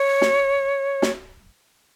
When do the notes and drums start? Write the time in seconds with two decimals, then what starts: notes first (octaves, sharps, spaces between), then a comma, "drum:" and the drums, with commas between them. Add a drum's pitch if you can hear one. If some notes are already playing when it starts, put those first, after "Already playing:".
Already playing: C#5
0.21 drum: snare
1.02 drum: snare